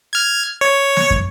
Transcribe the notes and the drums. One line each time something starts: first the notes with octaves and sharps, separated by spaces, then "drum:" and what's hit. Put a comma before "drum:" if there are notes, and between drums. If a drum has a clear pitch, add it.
F6 G#6
C#5
drum: snare
drum: kick